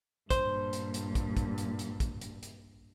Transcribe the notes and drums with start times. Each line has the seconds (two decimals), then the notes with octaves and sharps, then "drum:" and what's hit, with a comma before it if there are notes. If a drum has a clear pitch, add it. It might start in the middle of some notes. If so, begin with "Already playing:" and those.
0.30 G2 A#2 C5, drum: kick, hi-hat
0.73 drum: hi-hat
0.94 drum: hi-hat
1.15 drum: kick, hi-hat
1.37 drum: kick, hi-hat
1.58 drum: hi-hat
1.79 drum: hi-hat
2.00 drum: kick, hi-hat
2.21 drum: hi-hat
2.43 drum: hi-hat